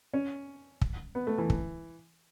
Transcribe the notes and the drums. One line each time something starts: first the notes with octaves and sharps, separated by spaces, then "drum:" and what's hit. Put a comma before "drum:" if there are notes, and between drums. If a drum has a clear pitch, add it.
C#4
drum: kick
B3
A3
E3
drum: kick